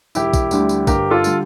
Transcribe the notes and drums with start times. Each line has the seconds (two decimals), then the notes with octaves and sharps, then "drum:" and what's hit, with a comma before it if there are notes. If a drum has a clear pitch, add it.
0.15 E1 E4 G4, drum: tambourine
0.33 drum: kick, tambourine
0.51 D2 D3 G3, drum: tambourine
0.69 drum: tambourine
0.87 G1 G4 A#4, drum: kick, tambourine
1.10 F4 A4
1.24 D3 G3, drum: tambourine